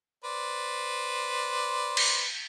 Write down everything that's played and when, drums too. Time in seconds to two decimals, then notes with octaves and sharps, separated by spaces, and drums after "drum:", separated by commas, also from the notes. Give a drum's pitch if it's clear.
0.24 B4 C5 D5
1.97 drum: cymbal